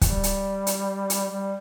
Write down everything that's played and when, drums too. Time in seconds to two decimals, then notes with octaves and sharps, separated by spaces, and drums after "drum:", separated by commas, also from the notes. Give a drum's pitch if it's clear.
0.01 G3, drum: kick, hi-hat
0.23 drum: hi-hat
0.67 drum: hi-hat
1.10 drum: hi-hat
1.31 G3